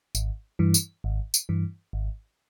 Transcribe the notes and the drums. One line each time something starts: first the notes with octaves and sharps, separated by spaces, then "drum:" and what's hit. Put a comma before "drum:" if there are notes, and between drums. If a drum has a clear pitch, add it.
G#1, drum: tambourine
G2 E3
drum: tambourine
G#1
drum: tambourine
G2 E3
G#1